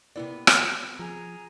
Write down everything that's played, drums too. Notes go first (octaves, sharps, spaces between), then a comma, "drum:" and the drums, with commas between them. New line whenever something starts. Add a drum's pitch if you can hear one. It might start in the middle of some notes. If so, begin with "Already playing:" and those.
C3 A#3 B3 E4 D5
drum: rim click
F3 G#4 G#5 A#5